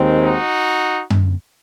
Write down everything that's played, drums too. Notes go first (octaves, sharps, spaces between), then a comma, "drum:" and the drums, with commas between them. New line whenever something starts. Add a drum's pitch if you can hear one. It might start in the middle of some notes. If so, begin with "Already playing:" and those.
Already playing: D#2 D#3 G#3 C4
D#4 F#4
drum: tom F#2